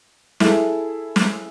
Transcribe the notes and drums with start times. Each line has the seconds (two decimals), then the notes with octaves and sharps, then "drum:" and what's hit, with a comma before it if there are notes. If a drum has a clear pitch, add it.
0.40 E4 G#4 A4, drum: snare
1.16 drum: snare